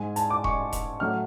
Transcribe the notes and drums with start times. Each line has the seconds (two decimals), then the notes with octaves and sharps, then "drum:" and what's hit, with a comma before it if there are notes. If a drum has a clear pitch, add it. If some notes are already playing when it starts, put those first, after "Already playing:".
Already playing: G#2 G#3 G#5
0.16 A5, drum: hi-hat
0.30 D6
0.44 C#6, drum: kick E1
0.72 drum: kick E1, hi-hat
1.00 A2 F#3 A3 F6